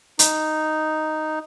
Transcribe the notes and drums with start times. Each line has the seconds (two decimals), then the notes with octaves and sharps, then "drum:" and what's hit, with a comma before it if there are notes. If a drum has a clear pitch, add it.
0.19 D#4, drum: hi-hat